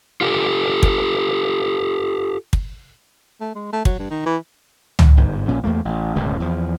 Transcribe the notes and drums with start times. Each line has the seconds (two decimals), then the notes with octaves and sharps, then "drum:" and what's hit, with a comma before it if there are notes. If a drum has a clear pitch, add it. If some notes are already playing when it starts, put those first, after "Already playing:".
0.21 F4 G4 A4
0.83 drum: kick
2.53 drum: kick
3.41 A3
3.55 G#3
3.73 A3
3.85 F#3, drum: kick
3.99 G2
4.11 D#3
4.26 E3
4.99 drum: tom C#2
5.17 G1 G#2
5.48 A#1 A#2 C#4
5.64 E2 A3 A#3
5.85 A1
6.15 D1 C#2 F#2 B2
6.40 E2 F3